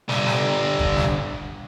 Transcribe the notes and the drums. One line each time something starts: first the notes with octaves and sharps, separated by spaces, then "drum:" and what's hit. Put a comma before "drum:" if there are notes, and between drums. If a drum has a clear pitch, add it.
G2 D3, drum: snare
drum: snare
drum: kick
drum: snare